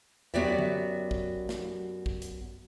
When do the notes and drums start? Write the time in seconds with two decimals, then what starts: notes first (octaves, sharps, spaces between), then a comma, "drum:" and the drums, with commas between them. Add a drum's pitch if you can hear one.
0.34 F#2 B3 F#4 G4 D5 E5, drum: tom E2
0.59 drum: tom D3
1.11 drum: kick
1.49 drum: snare
2.06 drum: kick
2.22 drum: hi-hat